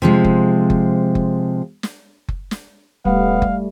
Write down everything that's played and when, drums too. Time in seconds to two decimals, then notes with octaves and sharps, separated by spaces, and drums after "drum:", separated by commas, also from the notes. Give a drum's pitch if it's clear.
0.02 C3 F3 G#3
0.24 drum: kick F#1
0.70 drum: kick F#1
1.15 drum: kick F#1
1.83 drum: snare
2.29 drum: kick F#1
2.51 drum: snare
3.05 D#1 G3 A3 B3 F5
3.42 drum: kick F#1